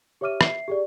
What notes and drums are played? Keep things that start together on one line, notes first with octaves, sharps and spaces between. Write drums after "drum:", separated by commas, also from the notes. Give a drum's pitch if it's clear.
G4 C#5 E5 D6 F6 D#7
E5 C7, drum: rim click
G4 G#4 D5